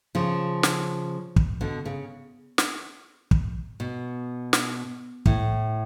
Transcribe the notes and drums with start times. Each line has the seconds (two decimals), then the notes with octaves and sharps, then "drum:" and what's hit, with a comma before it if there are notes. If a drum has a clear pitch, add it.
0.15 C#3 F3
0.63 drum: snare
1.36 drum: kick
1.61 B2 D3
1.85 C#3
2.58 drum: snare
3.31 drum: kick
3.80 B2
4.53 drum: snare
5.26 A2, drum: kick